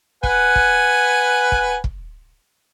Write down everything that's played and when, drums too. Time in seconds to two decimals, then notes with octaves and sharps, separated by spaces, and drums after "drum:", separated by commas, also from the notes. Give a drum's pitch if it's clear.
0.23 B4 F#5 G#5, drum: kick
0.56 drum: kick
1.52 drum: kick
1.84 drum: kick